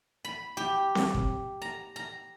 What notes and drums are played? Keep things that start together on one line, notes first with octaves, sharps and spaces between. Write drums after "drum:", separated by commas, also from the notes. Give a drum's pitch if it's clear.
B5
G4
drum: snare C4
drum: kick
A#5
A#5